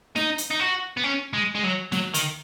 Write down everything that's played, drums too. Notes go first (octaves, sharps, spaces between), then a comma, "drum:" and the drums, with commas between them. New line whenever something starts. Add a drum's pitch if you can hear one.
D#4, drum: snare
drum: hi-hat
D#4
F#4
B3
C#4
G#3
G#3
F#3
F#3, drum: snare
D#3, drum: hi-hat